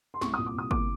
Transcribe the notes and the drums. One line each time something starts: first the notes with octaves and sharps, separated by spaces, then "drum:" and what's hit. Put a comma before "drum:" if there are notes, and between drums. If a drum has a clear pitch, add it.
C6
C2 C#6, drum: snare
D#6
A#2
D6
C2 D#6
A#3 D6, drum: kick